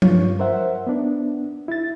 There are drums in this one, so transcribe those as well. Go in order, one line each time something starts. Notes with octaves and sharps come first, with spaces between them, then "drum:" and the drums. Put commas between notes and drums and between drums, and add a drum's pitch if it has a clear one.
G2 F4 C#5, drum: tom F3
A#4 C5 E5 F#5
B3 D4
E4 A6